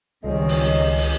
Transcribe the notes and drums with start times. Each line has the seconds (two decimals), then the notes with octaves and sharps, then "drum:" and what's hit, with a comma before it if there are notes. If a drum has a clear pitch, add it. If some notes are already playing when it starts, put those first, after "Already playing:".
0.24 C#2 D#3 G3 C4 G#4 C#5 D#5
0.49 drum: open hi-hat
0.98 drum: open hi-hat